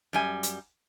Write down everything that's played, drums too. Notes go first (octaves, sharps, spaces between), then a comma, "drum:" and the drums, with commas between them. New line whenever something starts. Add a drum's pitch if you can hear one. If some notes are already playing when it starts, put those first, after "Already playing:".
F#2 G3 G#5
drum: hi-hat